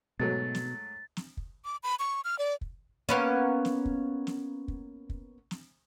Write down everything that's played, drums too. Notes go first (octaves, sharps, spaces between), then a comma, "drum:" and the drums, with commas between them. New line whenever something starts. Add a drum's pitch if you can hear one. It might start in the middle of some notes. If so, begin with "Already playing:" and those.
G#2 B2 F#3 A3 A6
drum: snare
drum: snare
drum: kick
D6
B5
C#6
F6
D5
drum: kick
A#3 B3 C#4
drum: snare
drum: kick
drum: snare
drum: kick
drum: kick
drum: snare